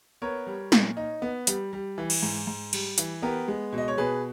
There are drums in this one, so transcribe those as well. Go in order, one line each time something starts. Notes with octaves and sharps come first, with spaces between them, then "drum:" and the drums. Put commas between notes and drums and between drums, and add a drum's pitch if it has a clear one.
B3 A#4 C#5
G3
A#2, drum: snare
D#4
B3
G3, drum: hi-hat
G3
E3
drum: cymbal
G#2
G#2
G3, drum: cymbal
E3, drum: hi-hat
B3 G4 A#4
G#3
B2
D#5
C#5
B2 G#4 B4